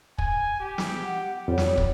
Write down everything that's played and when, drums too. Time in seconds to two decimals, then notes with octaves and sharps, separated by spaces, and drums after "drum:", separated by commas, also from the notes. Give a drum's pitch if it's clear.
0.18 G#5, drum: kick
0.60 G4
0.78 drum: snare
1.04 F#5
1.48 F2 G3 C#5
1.58 drum: snare
1.77 drum: kick